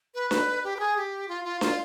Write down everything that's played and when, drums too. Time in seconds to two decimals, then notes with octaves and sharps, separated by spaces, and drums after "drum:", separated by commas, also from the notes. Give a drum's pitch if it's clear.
0.14 B4
0.31 B4, drum: snare D4
0.64 G4
0.77 B4
0.80 G#4
0.97 G4
1.28 F4
1.44 F4
1.61 F4, drum: snare D4